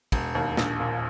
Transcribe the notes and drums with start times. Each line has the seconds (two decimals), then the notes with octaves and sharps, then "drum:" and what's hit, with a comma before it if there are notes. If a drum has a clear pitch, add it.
0.12 E1, drum: kick, cymbal
0.35 D#2
0.57 A#1, drum: snare
0.80 A#2